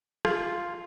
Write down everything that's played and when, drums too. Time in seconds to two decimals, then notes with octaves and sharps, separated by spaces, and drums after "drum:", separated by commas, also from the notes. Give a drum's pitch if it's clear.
0.25 F4, drum: rim click